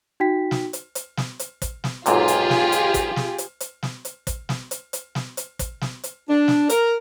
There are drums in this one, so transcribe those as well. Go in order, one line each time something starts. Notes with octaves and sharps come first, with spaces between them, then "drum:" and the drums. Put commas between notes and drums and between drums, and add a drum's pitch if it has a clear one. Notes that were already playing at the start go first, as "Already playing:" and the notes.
D#4 F#4 G5 B6
drum: snare
drum: hi-hat
drum: hi-hat
drum: snare
drum: hi-hat
drum: kick, hi-hat
drum: snare
B1 G#2 C3 F4 G4 G#4, drum: hi-hat
drum: hi-hat
drum: snare
drum: hi-hat
drum: kick, hi-hat
drum: snare
drum: hi-hat
drum: hi-hat
drum: snare
drum: hi-hat
drum: kick, hi-hat
drum: snare
drum: hi-hat
drum: hi-hat
drum: snare
drum: hi-hat
drum: kick, hi-hat
drum: snare
drum: hi-hat
D4
drum: snare
A#4, drum: hi-hat